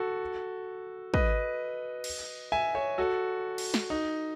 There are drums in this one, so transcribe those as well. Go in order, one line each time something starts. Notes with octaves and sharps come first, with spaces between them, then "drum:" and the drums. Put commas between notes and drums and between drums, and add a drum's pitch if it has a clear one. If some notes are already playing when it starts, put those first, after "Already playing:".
Already playing: F#4 A4
B4 D#5, drum: kick
drum: cymbal
E5 G#5
C#5 E5
F#4 A4
drum: cymbal
drum: snare
D#4